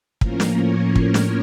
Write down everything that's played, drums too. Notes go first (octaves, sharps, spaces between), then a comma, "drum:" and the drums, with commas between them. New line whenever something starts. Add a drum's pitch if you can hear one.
A2 F3 A#3 C#4 A#4, drum: kick
drum: snare
A#4 C#5
drum: kick
drum: snare